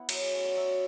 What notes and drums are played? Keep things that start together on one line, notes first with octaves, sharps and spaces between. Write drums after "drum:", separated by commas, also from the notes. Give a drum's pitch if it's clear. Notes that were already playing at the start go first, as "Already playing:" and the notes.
Already playing: B3 E4 F#5
F#3 E5, drum: cymbal
G#4
A3 C#4 F#4
D5
F#3 E5